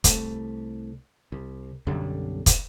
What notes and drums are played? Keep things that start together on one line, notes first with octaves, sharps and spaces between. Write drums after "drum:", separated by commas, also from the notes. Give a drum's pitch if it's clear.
C2 A3, drum: kick, hi-hat
C2
B1 F#2 D3 G3
drum: kick, hi-hat